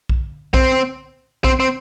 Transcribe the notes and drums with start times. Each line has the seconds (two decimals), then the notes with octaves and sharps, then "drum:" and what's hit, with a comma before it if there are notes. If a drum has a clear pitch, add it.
0.09 drum: kick B1
0.54 C4, drum: kick B1
1.44 C4, drum: kick B1
1.60 C4